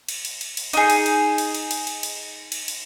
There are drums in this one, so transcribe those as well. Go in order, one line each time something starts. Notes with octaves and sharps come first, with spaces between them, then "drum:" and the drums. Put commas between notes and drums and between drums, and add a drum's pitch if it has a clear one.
drum: cymbal
drum: cymbal
drum: cymbal
drum: cymbal
D#4 G#4, drum: cymbal
drum: cymbal
drum: cymbal
drum: cymbal
drum: cymbal
drum: cymbal
drum: cymbal
drum: cymbal
drum: cymbal
drum: cymbal